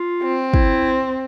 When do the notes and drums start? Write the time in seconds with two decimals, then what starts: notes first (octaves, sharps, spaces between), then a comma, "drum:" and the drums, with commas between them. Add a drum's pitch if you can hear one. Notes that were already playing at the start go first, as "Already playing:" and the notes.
Already playing: F4
0.23 C4
0.54 E4, drum: kick